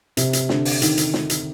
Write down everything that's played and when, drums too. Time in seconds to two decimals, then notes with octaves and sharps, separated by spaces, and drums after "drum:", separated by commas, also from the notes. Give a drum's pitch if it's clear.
0.17 C3, drum: hi-hat
0.33 drum: hi-hat
0.49 D3, drum: snare
0.65 drum: open hi-hat
0.82 D#3, drum: hi-hat
0.97 drum: hi-hat
1.14 drum: snare
1.30 drum: hi-hat